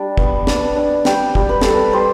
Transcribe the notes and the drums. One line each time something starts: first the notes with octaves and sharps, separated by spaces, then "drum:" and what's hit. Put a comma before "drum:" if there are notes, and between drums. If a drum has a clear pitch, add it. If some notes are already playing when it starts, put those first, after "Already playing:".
Already playing: G3 D4
B3, drum: kick
D4, drum: snare
D4
G3 G5, drum: snare
G3, drum: kick
B4
G3 A4, drum: snare
B4
G3 C5